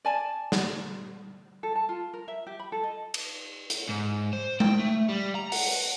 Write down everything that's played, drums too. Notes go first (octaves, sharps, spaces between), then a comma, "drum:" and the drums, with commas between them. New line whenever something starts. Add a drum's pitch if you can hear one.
D5 G#5 A5
drum: snare
A4
A5
F4
A#4
E5
G4
B5
A4
D#5
drum: cymbal
drum: hi-hat
G#2
C5
G5, drum: tom G#3
A3
G3
A#5
F#5, drum: open hi-hat